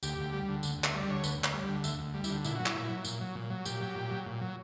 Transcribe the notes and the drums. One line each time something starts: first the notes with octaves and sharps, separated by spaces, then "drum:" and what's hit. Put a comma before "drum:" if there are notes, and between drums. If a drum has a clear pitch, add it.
D2 G4, drum: tambourine
D2
G3
D3
D2, drum: tambourine
D2
E5, drum: clap
G3 D5
D3 C#5
D2 B4, drum: tambourine
D2
C#5, drum: clap
G3
D3
D2 E5, drum: tambourine
D2
G3
E4, drum: tambourine
D3
A#2 E4, drum: tambourine
F#3 F#4
E4, drum: clap
A#2
F#3
A#2, drum: tambourine
F#3
A#2
F#3
A#2 G4, drum: tambourine
F#3
A#2
F#3
A#2
F#3